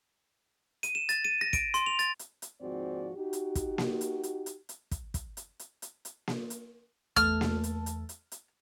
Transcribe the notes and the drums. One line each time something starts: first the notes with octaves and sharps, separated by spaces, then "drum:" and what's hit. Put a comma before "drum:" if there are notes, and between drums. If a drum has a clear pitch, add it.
D#7, drum: hi-hat
E7
A6, drum: hi-hat
D#7
A#6
D7, drum: kick, hi-hat
C6, drum: hi-hat
F7
A6, drum: hi-hat
drum: hi-hat
drum: hi-hat
D#2 G#2 F3 C4 F#4 D5
D#4 F#4 G4
drum: hi-hat
drum: kick, hi-hat
drum: snare A#3
drum: hi-hat
drum: hi-hat
drum: hi-hat
drum: hi-hat
drum: kick, hi-hat
drum: kick, hi-hat
drum: hi-hat
drum: hi-hat
drum: hi-hat
drum: hi-hat
drum: snare A#3
drum: hi-hat
E2 A3 A5 F6, drum: kick, hi-hat
drum: snare A#3
drum: hi-hat
drum: hi-hat
drum: hi-hat
drum: hi-hat